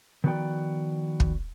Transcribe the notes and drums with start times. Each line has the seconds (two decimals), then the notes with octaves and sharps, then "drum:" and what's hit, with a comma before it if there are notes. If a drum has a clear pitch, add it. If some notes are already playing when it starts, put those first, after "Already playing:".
0.24 D#3 F3 B3 F#4 D5 G5
1.20 drum: kick